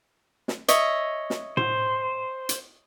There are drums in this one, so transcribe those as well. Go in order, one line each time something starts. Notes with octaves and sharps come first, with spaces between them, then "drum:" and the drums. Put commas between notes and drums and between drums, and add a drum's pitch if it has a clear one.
drum: snare
C#5 D#5 E5, drum: hi-hat
drum: snare
C5, drum: tom A2
drum: hi-hat